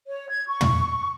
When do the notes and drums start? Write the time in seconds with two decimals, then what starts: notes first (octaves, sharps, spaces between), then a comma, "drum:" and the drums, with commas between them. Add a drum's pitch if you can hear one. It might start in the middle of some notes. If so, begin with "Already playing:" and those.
0.08 C#5
0.29 G#6
0.47 C#6
0.61 drum: tom